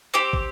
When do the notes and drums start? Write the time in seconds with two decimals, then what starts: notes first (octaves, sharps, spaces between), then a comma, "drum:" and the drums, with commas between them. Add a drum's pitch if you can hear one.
0.14 C4 G4 D6
0.33 drum: kick